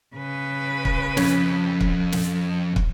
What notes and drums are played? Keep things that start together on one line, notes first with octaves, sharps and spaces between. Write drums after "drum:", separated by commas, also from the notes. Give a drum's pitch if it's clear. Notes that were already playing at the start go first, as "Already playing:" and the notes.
C#3 B4
drum: kick
F2 C#4, drum: snare
drum: kick
drum: snare
drum: kick